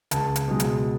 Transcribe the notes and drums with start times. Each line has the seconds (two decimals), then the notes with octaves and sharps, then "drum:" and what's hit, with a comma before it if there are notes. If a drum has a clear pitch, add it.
0.11 C#2 A5, drum: hi-hat
0.36 drum: hi-hat
0.48 B2 G#3
0.60 drum: hi-hat